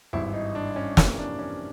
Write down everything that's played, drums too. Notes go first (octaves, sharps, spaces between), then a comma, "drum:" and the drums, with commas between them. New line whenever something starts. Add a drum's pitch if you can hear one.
G#1 G2 E3 E4
D#4
D4
C#4
F2 C3 E3 G3 A#3 C#4, drum: snare
D4
C#4